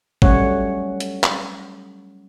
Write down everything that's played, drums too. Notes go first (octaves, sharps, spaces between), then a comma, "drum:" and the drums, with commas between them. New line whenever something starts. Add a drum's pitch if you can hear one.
F#3 G3 A3 C#4 C#5 F#5, drum: kick G#1
drum: hi-hat
drum: clap